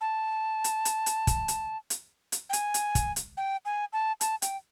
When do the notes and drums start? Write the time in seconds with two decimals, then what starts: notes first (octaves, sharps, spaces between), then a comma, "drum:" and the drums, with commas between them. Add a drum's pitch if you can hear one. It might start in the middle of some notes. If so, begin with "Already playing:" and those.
0.01 A5
0.64 drum: hi-hat
0.85 drum: hi-hat
1.06 drum: hi-hat
1.27 drum: kick, hi-hat
1.48 drum: hi-hat
1.90 drum: hi-hat
2.32 drum: hi-hat
2.50 G5
2.53 G#5, drum: hi-hat
2.74 drum: hi-hat
2.95 drum: kick, hi-hat
3.16 drum: hi-hat
3.37 G5
3.65 G#5
3.93 A5
4.21 A5, drum: hi-hat
4.42 G5, drum: hi-hat